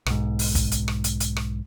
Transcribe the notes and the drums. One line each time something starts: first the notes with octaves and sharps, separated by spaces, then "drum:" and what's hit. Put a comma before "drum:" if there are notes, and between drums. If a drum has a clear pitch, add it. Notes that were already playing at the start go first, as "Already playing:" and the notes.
B1 G#2, drum: rim click
drum: open hi-hat
drum: kick, hi-hat
drum: hi-hat
drum: rim click
drum: hi-hat
drum: hi-hat
drum: rim click